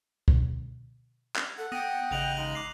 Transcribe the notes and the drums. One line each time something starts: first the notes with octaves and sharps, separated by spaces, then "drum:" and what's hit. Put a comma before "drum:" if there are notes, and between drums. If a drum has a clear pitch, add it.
drum: kick
drum: clap
A4 F#5
B3 G5 D#6 A#6 D#7
A1 C#3 D#5 F#6 F7 F#7
G#3 D#4 F#7
D6 C7